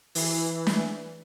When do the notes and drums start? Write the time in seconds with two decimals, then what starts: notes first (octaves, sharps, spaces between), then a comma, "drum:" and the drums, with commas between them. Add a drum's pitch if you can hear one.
0.15 E3, drum: open hi-hat
0.67 drum: snare